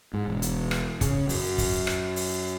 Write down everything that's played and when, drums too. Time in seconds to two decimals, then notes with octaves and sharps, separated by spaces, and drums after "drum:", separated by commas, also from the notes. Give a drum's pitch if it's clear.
0.14 G#2
0.28 E1
0.42 drum: hi-hat
0.71 drum: rim click
1.01 C#3, drum: kick, hi-hat
1.29 F#2, drum: open hi-hat
1.58 drum: kick, open hi-hat
1.87 drum: rim click
2.16 drum: open hi-hat